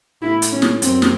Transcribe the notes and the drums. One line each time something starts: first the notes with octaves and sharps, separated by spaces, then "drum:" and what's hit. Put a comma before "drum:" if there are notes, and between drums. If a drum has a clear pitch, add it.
A2 E4
drum: hi-hat
C#4
drum: snare
F#2 C4, drum: hi-hat
drum: snare